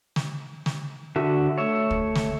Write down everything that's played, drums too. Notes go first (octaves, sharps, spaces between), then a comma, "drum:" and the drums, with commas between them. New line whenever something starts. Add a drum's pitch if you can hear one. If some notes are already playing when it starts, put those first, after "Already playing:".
drum: snare
drum: snare
D3 F#4 E5
A3 C#5 E5
drum: kick
drum: snare